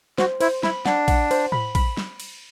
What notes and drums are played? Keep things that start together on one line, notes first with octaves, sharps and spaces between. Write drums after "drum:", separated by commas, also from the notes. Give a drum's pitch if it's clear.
F#4 C5, drum: snare
E4 C5, drum: cymbal
E4 B5, drum: snare
D4 F#5, drum: snare
F#5, drum: kick, cymbal
C5, drum: cymbal
B5, drum: tom A2
B5, drum: kick, cymbal
drum: snare
drum: cymbal